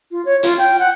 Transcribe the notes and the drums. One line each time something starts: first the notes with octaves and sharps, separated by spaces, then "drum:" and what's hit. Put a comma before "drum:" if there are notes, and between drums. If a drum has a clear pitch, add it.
F4
C#5
F4, drum: hi-hat
G5
F#5